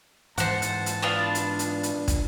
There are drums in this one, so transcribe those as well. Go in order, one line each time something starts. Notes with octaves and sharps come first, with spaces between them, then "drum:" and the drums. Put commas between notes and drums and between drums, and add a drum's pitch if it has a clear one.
G#2 E3 G#3 C5 F#5 A5, drum: hi-hat
drum: hi-hat
drum: hi-hat
B3 D4 F4
drum: hi-hat
drum: hi-hat
drum: hi-hat
drum: kick, hi-hat